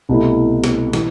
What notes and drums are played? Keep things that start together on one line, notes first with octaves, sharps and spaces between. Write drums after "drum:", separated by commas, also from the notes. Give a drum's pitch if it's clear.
C2 B2 A3 E4
drum: snare
E3, drum: snare